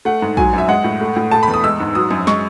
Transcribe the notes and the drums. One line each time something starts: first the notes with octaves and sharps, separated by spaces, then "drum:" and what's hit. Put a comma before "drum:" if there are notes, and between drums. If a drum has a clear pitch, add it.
A3 F#5
G#2
F#3 G#5, drum: kick A#1
F#2 E5
G#3 F#5
A2
A3
A2
A3 A5
B5
E2
D#6
G#3 E6
G#2
F#3 D#6
F#2, drum: tom
G#3 C#6, drum: snare